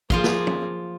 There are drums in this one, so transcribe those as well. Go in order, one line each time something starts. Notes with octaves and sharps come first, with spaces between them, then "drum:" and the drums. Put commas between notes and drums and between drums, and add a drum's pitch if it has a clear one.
F3 A#3 F4 G#4 C6, drum: kick
drum: snare
drum: tom